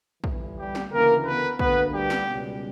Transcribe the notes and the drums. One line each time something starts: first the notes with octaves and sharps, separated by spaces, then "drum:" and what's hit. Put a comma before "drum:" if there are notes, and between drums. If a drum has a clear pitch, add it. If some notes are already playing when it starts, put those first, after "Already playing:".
G1 G2 E3, drum: kick
G3 G4
drum: snare
D2 C#3 E3 A#3 A#4
B3 B4
D2 D3 A#3 B3 B4, drum: kick
G3 G4
drum: snare
C#2 B2 G3 C#4